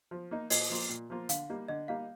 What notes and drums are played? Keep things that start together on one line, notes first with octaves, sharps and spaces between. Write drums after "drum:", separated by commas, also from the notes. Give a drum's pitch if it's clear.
F3
A#3 D#4
A#2 D#5, drum: open hi-hat
F3 A#3 F4
A#2
F3 A#3 F4
D3 F5, drum: hi-hat
G3 A#3 D#4
D3 D#5
G3 A#3 D#4 F5